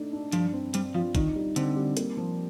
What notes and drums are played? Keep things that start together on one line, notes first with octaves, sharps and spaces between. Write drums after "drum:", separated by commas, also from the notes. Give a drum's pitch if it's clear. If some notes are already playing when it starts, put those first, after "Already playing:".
Already playing: A3 D4 D#4 A4
D4
G2 F3, drum: hi-hat
C4
G3 C4, drum: hi-hat
F3 F4
D#3 D#4, drum: kick, hi-hat
G3
D3 C4, drum: hi-hat
G3
A#3, drum: hi-hat
F3